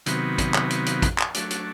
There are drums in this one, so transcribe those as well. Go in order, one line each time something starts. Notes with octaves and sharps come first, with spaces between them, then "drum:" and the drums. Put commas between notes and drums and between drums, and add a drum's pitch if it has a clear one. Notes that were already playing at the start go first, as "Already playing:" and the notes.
C3 D#3 F#3 B3, drum: hi-hat
drum: kick, hi-hat
drum: clap
drum: hi-hat
drum: hi-hat
drum: kick, hi-hat
drum: clap
F#3 A3 D4, drum: hi-hat
drum: hi-hat